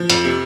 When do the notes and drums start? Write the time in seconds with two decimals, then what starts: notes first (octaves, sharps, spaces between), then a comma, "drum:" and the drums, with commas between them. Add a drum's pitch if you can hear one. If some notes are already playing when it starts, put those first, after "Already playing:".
Already playing: F3
0.10 F2, drum: hi-hat
0.24 C3